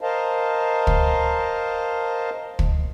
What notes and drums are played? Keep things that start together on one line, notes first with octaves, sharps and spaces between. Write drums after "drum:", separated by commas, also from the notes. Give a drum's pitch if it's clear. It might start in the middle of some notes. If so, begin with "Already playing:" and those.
A#4 C5 D#5 F5 A5
drum: kick
drum: kick